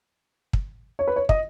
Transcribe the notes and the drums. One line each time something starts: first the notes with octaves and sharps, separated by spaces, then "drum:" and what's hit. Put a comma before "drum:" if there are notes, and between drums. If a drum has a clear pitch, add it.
drum: kick
C#5
B4
C#5
D#5, drum: kick